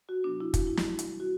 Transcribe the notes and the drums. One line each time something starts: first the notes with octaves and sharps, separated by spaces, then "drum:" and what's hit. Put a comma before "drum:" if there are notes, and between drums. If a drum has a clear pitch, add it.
F#4
C3 F#3 B3 D4
E4
F#2 F#4, drum: kick, hi-hat
E4
drum: snare
E3 G3
drum: hi-hat
F#4